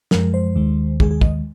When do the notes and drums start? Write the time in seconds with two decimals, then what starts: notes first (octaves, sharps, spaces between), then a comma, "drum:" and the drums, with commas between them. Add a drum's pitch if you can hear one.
0.11 F#2 F3 G#3 A#4, drum: snare
0.34 C5
0.55 D#2 D#3 G#3
1.00 D#2 D#3 G#3 G#4, drum: kick
1.11 G#4
1.21 D#5, drum: kick